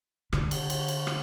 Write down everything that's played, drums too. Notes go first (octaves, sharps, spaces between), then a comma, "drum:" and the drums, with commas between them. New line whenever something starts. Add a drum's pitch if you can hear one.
D3, drum: rim click
drum: cymbal
drum: cymbal
drum: cymbal
drum: rim click